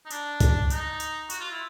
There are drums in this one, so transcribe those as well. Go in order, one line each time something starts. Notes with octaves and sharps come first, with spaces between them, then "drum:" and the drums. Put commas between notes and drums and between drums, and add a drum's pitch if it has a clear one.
D#4
D4, drum: tambourine
drum: kick C#2, tambourine
D#4, drum: tambourine
drum: tambourine
F#4, drum: tambourine
F4
E4